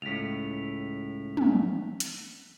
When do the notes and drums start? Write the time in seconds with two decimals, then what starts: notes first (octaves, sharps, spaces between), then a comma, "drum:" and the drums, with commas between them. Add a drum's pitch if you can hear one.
0.02 C#2 A2 B6 F7
1.37 drum: tom
2.00 drum: hi-hat